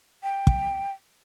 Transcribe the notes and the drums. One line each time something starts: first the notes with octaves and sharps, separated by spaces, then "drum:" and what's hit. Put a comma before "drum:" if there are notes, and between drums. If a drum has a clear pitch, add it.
G5
drum: kick